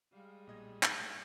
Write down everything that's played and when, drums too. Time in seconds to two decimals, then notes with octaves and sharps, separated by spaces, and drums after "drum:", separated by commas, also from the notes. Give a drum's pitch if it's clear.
0.13 G3 G#3 F5
0.47 B1 A#2 D#5 G#6
0.83 B1 G#2 A3, drum: clap